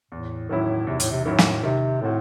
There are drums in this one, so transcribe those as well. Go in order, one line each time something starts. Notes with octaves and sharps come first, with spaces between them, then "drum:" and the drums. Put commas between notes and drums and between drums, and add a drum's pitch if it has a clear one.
E2 A2
A2 D#3 F#3 C#4 E4
E2 C3
A2, drum: hi-hat
C3
A2 D#3 F#3 C#4 E4
drum: snare
C3 D#3
A2 A3 C4 F#4